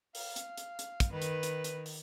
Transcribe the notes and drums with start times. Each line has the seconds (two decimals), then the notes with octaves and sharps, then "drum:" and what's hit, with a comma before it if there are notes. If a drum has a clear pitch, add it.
0.15 F5, drum: open hi-hat
0.36 drum: hi-hat
0.57 drum: hi-hat
0.79 drum: hi-hat
1.00 drum: kick, hi-hat
1.12 D#3 B4
1.22 drum: hi-hat
1.43 drum: hi-hat
1.64 drum: hi-hat
1.86 drum: open hi-hat